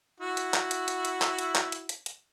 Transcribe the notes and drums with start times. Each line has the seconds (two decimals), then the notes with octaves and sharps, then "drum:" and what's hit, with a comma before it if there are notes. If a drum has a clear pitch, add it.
0.20 E4 F#4
0.37 drum: hi-hat
0.54 drum: clap
0.71 drum: hi-hat
0.88 drum: hi-hat
1.05 drum: hi-hat
1.22 drum: clap
1.39 drum: hi-hat
1.55 drum: clap
1.72 drum: hi-hat
1.89 drum: hi-hat
2.06 drum: hi-hat